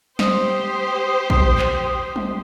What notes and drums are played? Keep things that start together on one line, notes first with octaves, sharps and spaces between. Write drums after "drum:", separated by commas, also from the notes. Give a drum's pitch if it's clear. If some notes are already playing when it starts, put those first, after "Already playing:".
G4 C5 D#6, drum: snare
drum: kick A#1
drum: clap
drum: tom